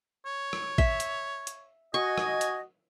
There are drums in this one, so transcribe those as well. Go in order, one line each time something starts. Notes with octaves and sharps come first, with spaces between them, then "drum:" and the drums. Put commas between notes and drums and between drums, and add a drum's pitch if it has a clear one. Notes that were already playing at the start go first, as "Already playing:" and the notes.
C#5
drum: rim click
E5, drum: kick A1
drum: hi-hat
drum: hi-hat
F#4 D#5 G#5 C#6
drum: rim click
drum: hi-hat